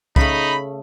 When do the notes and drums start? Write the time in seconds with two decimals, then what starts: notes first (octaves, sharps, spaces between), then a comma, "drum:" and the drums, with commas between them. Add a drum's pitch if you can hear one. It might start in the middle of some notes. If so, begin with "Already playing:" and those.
0.16 C#3 A3 D#4 B5, drum: kick